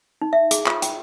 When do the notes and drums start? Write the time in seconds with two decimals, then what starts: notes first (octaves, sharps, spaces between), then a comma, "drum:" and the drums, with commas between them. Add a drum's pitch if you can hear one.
0.21 D#4
0.33 E5
0.51 G#4, drum: hi-hat
0.67 F4, drum: clap
0.82 G5, drum: hi-hat